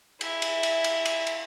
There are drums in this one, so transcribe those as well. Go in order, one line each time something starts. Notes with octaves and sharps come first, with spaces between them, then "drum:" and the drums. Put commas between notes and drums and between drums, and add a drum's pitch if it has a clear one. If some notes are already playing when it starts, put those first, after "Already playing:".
E4 E5, drum: cymbal
drum: cymbal
drum: cymbal
drum: cymbal
drum: cymbal
drum: cymbal